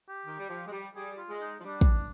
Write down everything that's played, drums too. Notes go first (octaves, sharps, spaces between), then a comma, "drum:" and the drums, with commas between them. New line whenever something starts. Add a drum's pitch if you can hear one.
G4
D#3
G3
F3
G#3
G3
G3 G#4
F4
G#3
D#4
F3
G3 D4
drum: kick